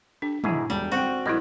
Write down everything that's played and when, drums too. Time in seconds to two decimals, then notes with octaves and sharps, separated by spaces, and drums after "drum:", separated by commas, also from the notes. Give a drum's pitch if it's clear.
0.22 D4 G4 A4
0.44 G#2 B2 E4 G#4, drum: tom
0.70 E1 G3 A4
0.92 C4 F#4 G5
1.26 A#1 G3 G#3 E4 D#5